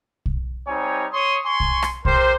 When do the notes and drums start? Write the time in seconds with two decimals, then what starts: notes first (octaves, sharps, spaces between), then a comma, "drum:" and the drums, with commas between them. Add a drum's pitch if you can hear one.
0.26 drum: kick
0.67 G3 C4 D#4 C#5 G#5
1.11 C#5 C6 C#6 D#6
1.45 G#5 C6 C#6
1.60 drum: kick
1.83 drum: rim click
2.05 G4 A#4 C5, drum: kick